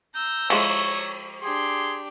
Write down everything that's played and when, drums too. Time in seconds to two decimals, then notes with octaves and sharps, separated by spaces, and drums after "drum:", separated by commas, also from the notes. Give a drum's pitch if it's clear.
0.15 A#5 E6 G6
0.50 F3 G#3 E4 C#5 C#6, drum: cymbal
1.43 D4 G4 G#4 C6